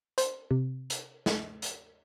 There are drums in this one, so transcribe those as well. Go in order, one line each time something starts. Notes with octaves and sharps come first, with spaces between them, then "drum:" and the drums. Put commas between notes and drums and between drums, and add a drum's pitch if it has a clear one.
C5, drum: hi-hat
C3
drum: hi-hat
drum: snare
drum: hi-hat